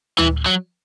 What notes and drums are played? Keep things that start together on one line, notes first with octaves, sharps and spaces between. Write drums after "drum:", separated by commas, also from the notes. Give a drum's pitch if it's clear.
E3, drum: tom D2
F#3